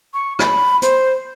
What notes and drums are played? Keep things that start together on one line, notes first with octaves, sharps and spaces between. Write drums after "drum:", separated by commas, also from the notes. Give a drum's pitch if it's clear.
C#6
B5, drum: rim click
C5, drum: hi-hat